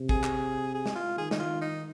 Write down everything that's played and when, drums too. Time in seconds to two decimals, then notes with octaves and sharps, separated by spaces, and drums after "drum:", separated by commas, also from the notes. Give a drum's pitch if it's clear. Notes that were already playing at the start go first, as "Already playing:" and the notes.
Already playing: C3
0.09 G#4, drum: kick G#1
0.24 drum: clap
0.75 G#4
0.86 drum: snare
0.96 F4
1.17 D#3 G#4
1.31 D#4, drum: snare
1.39 F4
1.61 D#4